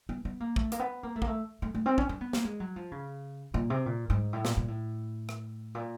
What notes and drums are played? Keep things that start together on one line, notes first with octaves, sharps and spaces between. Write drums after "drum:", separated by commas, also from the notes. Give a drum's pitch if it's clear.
B3
B3
A#3
A3, drum: kick
A#3, drum: hi-hat
B3
A#3
A3
A#3, drum: kick
A3
A3
A3
C4
C#4, drum: kick
D4
B3
A#3, drum: snare
G#3
F#3
F3
C#3
A#2
C3
A#2
G#2
A2
A#2, drum: snare
A#2
A2
drum: rim click
A#2